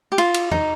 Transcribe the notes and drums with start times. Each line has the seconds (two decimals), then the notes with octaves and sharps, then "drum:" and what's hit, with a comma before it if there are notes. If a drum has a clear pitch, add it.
0.12 G4
0.18 F4, drum: cymbal
0.34 drum: cymbal
0.51 D#4, drum: tom